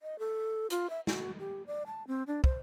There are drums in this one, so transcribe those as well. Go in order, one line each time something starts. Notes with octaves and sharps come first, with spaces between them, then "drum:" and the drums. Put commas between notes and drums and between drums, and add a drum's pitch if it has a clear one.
D#5
A4
F4, drum: hi-hat
E5
F#4, drum: snare
G4
D5
A5
C4
D4
C5, drum: kick